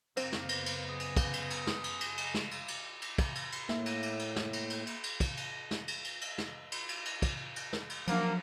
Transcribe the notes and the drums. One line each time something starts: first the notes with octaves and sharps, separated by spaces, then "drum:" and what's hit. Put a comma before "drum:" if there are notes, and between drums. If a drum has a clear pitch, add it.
F#2 C#3 A#3 C4, drum: cymbal
drum: snare
B3, drum: cymbal
drum: cymbal
G#4
drum: cymbal
drum: kick, cymbal
drum: cymbal
drum: cymbal
drum: snare
drum: cymbal
drum: cymbal
drum: cymbal
drum: snare
drum: cymbal
drum: cymbal
drum: cymbal
drum: kick, cymbal
drum: cymbal
drum: cymbal
A2 A#3 E5, drum: snare
drum: cymbal
drum: cymbal
drum: cymbal
drum: snare
drum: cymbal
drum: cymbal
drum: cymbal
drum: cymbal
drum: kick, cymbal
drum: cymbal
drum: snare
drum: cymbal
drum: cymbal
drum: cymbal
drum: snare
drum: cymbal
drum: cymbal
drum: cymbal
drum: kick, cymbal
drum: cymbal
drum: snare
drum: cymbal
F3 F#3 A#3 D4, drum: cymbal